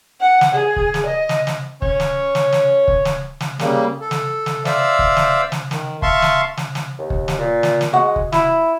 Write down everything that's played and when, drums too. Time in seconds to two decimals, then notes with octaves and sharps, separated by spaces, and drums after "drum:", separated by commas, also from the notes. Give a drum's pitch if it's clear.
0.19 F#5
0.41 drum: snare
0.53 G#4
0.76 drum: kick
0.94 drum: snare
1.05 D#5
1.29 drum: snare
1.47 drum: snare
1.82 C#4 C#5, drum: kick
2.00 drum: snare
2.35 drum: snare
2.52 drum: snare
2.88 drum: kick
3.05 drum: snare
3.40 drum: snare
3.59 C#3 G3 A#3, drum: snare
4.01 A4
4.11 drum: snare
4.46 drum: snare
4.65 C5 D5 E5 F5 E6, drum: snare
4.99 drum: kick
5.17 drum: snare
5.52 drum: snare
5.71 D#3, drum: snare
6.02 E5 F5 A5 C6 C#6, drum: kick
6.22 drum: snare
6.57 drum: snare
6.75 drum: snare
6.99 D#2
7.10 drum: kick
7.28 drum: snare
7.38 A#2
7.63 drum: snare
7.81 drum: snare
7.93 G#3 F#4 F#5
8.16 drum: kick
8.32 E4, drum: snare